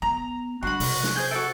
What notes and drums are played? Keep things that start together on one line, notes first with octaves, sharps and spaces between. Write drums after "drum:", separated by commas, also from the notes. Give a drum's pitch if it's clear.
B3 A#5
G3 D4 F#4 B5 C6
C3, drum: open hi-hat
drum: snare
G#4 C5 G6
E4 F#4 A4